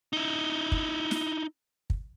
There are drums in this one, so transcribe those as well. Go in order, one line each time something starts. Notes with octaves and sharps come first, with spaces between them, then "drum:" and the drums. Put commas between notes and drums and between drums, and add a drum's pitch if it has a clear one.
D#4 E4
drum: kick
drum: snare
drum: kick